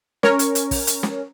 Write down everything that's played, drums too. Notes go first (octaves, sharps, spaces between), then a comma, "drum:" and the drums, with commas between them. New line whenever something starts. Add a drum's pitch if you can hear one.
C#4 A#4 C#5, drum: snare
drum: hi-hat
drum: hi-hat
drum: kick, open hi-hat
drum: hi-hat
drum: snare